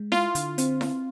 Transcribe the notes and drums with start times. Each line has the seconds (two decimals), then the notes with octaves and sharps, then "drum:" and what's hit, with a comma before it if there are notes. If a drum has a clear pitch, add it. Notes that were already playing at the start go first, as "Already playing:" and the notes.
Already playing: G#3
0.12 E4 F4, drum: snare E4
0.35 D3, drum: hi-hat
0.58 C4, drum: hi-hat
0.81 drum: snare E4